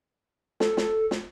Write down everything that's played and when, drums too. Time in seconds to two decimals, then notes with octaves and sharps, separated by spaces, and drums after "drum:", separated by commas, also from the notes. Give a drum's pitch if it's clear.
0.60 A4, drum: snare
0.77 drum: snare
1.11 drum: snare